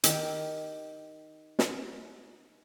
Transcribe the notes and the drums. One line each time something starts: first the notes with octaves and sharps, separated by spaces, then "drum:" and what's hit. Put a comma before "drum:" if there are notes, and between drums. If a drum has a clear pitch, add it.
D#3 G4, drum: hi-hat
drum: snare